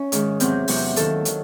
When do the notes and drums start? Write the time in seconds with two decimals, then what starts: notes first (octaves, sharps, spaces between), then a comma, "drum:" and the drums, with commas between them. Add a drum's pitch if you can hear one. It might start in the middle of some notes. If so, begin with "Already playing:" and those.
Already playing: C#4
0.12 G#2 D#3 G#3, drum: hi-hat
0.40 E2 C3 F#3 C4, drum: hi-hat
0.68 E2 C3 F#3, drum: open hi-hat
0.96 D#2 D#3 F#3 A4, drum: hi-hat
1.25 D#3 F#3, drum: hi-hat